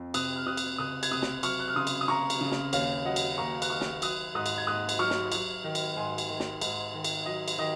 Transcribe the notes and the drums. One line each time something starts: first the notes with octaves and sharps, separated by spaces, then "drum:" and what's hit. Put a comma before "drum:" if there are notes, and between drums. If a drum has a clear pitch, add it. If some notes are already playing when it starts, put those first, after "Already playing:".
Already playing: F2
C3 D#6 F#6, drum: cymbal
F6
C3 D#6 F#6
drum: cymbal
C#2 D#6 F#6
G#6, drum: cymbal
C3 D#6 F#6
drum: snare
F#3 C#6 F6, drum: cymbal
F#6
F6
C#3 C6 D#6
drum: cymbal
D#6
C#3 A#5 C#6
drum: cymbal
C#3
drum: snare
D#2 C#5 F5, drum: cymbal
F#3 D#5 F#5
drum: cymbal
D#2 A#5 C#6
F#6, drum: cymbal
D#3 C#6 F6
drum: snare
F#3 D#6 F#6, drum: cymbal
G#2 D#6 F#6
drum: cymbal
G#6
G#2 D#6 F#6
drum: cymbal
F#3 C#6 F6
drum: snare
F#3, drum: cymbal
D#3
drum: cymbal
G#2 G#5 C6
drum: cymbal
D#3
drum: snare
G#2, drum: cymbal
D#3
drum: cymbal
F#3 D#5
drum: cymbal
D#3 D#5